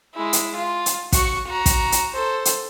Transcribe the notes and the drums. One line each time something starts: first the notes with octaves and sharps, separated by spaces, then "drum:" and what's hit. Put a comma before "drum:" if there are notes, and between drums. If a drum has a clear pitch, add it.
G#3 E4
drum: hi-hat
F4
drum: hi-hat
F#4 C#6, drum: kick, hi-hat
F#4 A#5
drum: kick, hi-hat
drum: hi-hat
A4 C5
drum: hi-hat